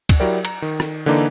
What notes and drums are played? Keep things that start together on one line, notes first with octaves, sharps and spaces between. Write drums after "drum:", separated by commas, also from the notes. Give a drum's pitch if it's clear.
drum: kick C#2, cymbal
F#3 E4 G4 A#4 D5
A#5, drum: cymbal
D#3
drum: rim click
D3 E3 A#3 D4 D#4